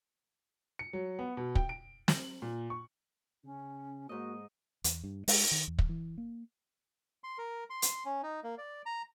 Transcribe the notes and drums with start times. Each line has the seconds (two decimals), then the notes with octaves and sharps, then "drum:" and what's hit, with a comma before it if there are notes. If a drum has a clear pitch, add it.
0.79 C#7
0.93 F#3
1.19 B3
1.37 B2
1.55 G5, drum: kick
1.69 D7
2.08 F#7, drum: snare
2.42 A#2
2.70 C#6
3.44 C#3 C#4
4.09 G#2 A#3 F#4 D#5
4.84 E2, drum: hi-hat
5.04 G2
5.28 G#3, drum: open hi-hat
5.51 D#3
5.68 E2
5.79 drum: kick
5.89 E3
6.18 A#3
7.24 C6
7.38 A#4
7.70 C6
7.82 drum: hi-hat
8.05 C#4
8.23 D#4
8.44 A#3
8.58 D5
8.86 A#5